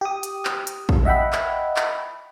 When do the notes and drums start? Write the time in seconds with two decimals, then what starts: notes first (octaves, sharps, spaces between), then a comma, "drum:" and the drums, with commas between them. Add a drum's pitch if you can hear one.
0.01 G4 D#6
0.23 drum: hi-hat
0.45 drum: clap
0.67 drum: hi-hat
0.89 drum: kick
1.05 D#5 E5 F#5 G5 B5
1.33 drum: clap
1.76 drum: clap